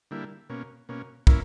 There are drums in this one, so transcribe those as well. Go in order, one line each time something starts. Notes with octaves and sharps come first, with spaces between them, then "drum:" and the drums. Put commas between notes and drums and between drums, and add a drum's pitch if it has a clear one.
D3 G3 A#3 E4
B2 A#3 C#4
B2 A#3 C#4
E3 A#3 C#4 E4 A#4, drum: kick